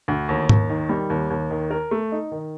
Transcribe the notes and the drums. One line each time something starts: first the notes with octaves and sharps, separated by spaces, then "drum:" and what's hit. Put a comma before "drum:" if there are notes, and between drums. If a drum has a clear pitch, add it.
D2
D#2
D#2, drum: tom G#2
D#3
G3
D#2
D#2
D#3
A#4
A3
D#4
D#3